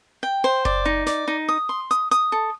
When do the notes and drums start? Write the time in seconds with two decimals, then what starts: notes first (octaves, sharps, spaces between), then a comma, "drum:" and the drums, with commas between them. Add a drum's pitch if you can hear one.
0.23 G5
0.44 C5
0.65 D5, drum: kick F#1
0.86 D#4
1.07 D5, drum: snare
1.28 D#4
1.49 D#6
1.69 C6
1.91 D#6, drum: hi-hat
2.11 D#6, drum: hi-hat
2.32 A4